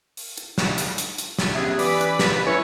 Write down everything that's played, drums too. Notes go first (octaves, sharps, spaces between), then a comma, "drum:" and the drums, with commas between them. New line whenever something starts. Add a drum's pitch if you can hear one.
drum: open hi-hat
drum: hi-hat
drum: snare
drum: hi-hat
drum: hi-hat
drum: hi-hat
drum: snare
B3 C#4 G4 G#4 E5
E3 B4 D5, drum: open hi-hat
F#6, drum: hi-hat
drum: snare
C#4 E4 B4 C#5 G#5